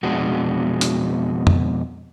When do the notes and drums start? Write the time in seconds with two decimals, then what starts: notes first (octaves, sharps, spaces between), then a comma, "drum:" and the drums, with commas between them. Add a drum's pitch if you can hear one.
0.03 F2 B2 G#3 D4 F#4
0.81 drum: hi-hat
1.47 drum: tom F2